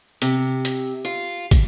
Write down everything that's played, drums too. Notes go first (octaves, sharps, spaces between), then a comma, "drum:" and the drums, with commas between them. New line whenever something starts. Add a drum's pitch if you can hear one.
C3, drum: hi-hat
drum: hi-hat
F4
drum: kick, hi-hat